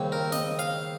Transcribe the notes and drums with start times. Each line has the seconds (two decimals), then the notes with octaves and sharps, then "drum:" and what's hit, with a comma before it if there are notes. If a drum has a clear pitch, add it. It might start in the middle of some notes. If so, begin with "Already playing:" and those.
Already playing: D#2 C#3 G3 C4
0.12 A#4
0.32 D#5, drum: snare
0.59 F5, drum: hi-hat